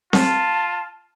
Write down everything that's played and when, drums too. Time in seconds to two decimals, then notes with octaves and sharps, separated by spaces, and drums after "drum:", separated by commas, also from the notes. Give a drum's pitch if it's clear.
0.13 F4 A5, drum: snare C4